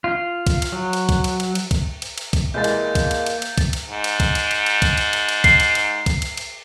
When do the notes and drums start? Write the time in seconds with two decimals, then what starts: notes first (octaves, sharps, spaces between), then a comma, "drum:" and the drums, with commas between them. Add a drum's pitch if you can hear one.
0.04 F4
0.47 drum: kick, cymbal
0.62 drum: cymbal
0.72 F#3
0.93 drum: cymbal
1.09 drum: kick, cymbal
1.24 drum: cymbal
1.40 drum: cymbal
1.55 drum: cymbal
1.71 drum: kick, cymbal
2.02 drum: cymbal
2.18 drum: cymbal
2.33 drum: kick, cymbal
2.54 C2 E3 G#3 A#3 G6 A6
2.64 drum: cymbal
2.95 drum: kick, cymbal
3.11 drum: cymbal
3.26 drum: cymbal
3.42 drum: cymbal
3.58 drum: kick, cymbal
3.73 drum: cymbal
3.90 G#2
4.04 drum: cymbal
4.20 drum: kick, cymbal
4.35 drum: cymbal
4.51 drum: cymbal
4.66 drum: cymbal
4.82 drum: kick, cymbal
4.97 drum: cymbal
5.13 drum: cymbal
5.29 drum: cymbal
5.44 C7, drum: kick, cymbal
5.60 drum: cymbal
5.75 drum: cymbal
6.06 drum: kick, cymbal
6.22 drum: cymbal
6.37 drum: cymbal